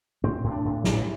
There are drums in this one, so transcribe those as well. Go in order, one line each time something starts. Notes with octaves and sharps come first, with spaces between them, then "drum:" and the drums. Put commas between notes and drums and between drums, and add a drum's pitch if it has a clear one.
A2 C4
A2
D4
A2
A1, drum: snare